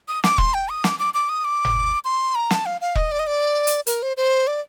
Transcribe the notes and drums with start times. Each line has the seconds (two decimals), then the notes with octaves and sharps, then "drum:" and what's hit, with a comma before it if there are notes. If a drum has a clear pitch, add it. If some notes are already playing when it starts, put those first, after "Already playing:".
0.08 D#6
0.24 D6, drum: snare
0.38 C6, drum: kick E1
0.54 G5
0.69 D#6
0.84 D6, drum: snare
0.99 D6
1.14 D6
1.29 D#6
1.45 D6
1.65 drum: tom G1
2.05 C6
2.35 A#5
2.51 A5, drum: snare
2.66 F5
2.81 F5
2.95 D#5, drum: kick E1
3.12 D5
3.19 D#5
3.27 D5
3.67 drum: hi-hat
3.87 A#4, drum: hi-hat
4.02 C5
4.17 C5
4.47 D5